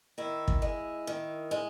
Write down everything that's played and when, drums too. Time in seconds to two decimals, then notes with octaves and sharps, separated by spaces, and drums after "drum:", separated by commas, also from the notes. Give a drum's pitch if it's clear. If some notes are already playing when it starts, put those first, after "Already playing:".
0.18 D#3 E4
0.48 drum: kick
0.62 G#3
1.07 D#3
1.51 G#3